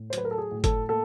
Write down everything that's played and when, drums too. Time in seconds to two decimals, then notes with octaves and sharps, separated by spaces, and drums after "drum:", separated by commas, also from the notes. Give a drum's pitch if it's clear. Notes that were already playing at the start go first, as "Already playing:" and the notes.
Already playing: A2
0.10 C5
0.13 F#3 B4, drum: hi-hat
0.25 A#4
0.31 A4
0.38 G#4
0.51 A2
0.64 A4, drum: kick G1, hi-hat
0.89 A#3 A4